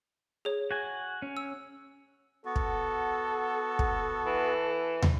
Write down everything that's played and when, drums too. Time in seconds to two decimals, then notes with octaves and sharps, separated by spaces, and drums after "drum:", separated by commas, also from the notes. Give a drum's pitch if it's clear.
0.45 G#4 C#5
0.71 F#4 G#5
1.22 C#4
1.37 E6
2.45 B3 F#4 A4
2.56 drum: kick
3.79 drum: kick
4.25 E3
5.02 drum: tom